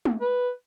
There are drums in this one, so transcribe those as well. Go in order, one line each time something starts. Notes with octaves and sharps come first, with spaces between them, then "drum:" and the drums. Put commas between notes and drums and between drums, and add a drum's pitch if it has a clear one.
drum: tom G#3
B4